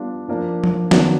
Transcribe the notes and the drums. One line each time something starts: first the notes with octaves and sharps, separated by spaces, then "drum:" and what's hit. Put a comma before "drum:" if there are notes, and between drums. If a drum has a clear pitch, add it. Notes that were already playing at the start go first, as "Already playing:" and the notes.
Already playing: G3 B3 D4 F4
F3 A#3 D4
drum: tom F3
D#3 F#3 B3 D4 F#4, drum: snare